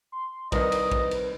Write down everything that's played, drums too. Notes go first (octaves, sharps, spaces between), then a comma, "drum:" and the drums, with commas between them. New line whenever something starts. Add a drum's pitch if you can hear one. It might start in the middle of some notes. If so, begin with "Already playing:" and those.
C6
C2 D#3 B4 D#5, drum: kick, cymbal
drum: cymbal
drum: kick
drum: cymbal